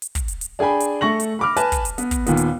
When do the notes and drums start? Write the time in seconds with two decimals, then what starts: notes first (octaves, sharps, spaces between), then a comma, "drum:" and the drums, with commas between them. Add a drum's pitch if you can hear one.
0.02 drum: hi-hat
0.15 drum: kick, hi-hat
0.28 drum: hi-hat
0.41 drum: hi-hat
0.59 D4 G#4 G5 G#5 B5
0.80 drum: hi-hat
1.01 A3 A4 C#6 A#6 F#7
1.20 drum: hi-hat
1.39 B5 D6 F6
1.56 B4 G#5 A5, drum: hi-hat
1.72 drum: kick, hi-hat
1.85 drum: hi-hat
1.98 B3, drum: hi-hat
2.11 drum: kick, hi-hat
2.27 D#2 A#2 B3, drum: hi-hat
2.37 drum: hi-hat